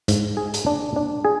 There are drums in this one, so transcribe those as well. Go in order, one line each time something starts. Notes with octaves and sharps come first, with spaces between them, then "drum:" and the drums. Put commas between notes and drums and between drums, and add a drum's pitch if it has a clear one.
G#2, drum: hi-hat
G#4
drum: hi-hat
D4
D4
G#4